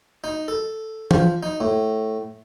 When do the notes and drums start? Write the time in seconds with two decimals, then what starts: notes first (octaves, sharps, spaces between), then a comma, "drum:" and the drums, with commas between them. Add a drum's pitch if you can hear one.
0.24 D#4
0.48 A4
1.11 F3, drum: tom
1.43 D#4
1.60 A2